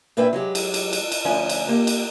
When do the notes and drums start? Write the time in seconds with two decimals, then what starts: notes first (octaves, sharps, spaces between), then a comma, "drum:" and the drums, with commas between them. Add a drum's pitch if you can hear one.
0.17 A#2 D4 E4 B4 G5
0.33 F#3 G#3 G4
0.55 drum: cymbal
0.74 drum: cymbal
0.93 drum: cymbal
1.12 drum: cymbal
1.25 D2 F3 C#4 G#5
1.49 drum: cymbal
1.68 A#3 G4
1.87 drum: cymbal